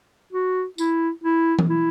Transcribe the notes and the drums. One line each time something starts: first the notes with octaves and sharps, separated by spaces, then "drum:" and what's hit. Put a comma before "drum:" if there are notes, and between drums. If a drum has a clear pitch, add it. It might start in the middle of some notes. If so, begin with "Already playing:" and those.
F#4
E4, drum: tambourine
E4
drum: tom E3
E4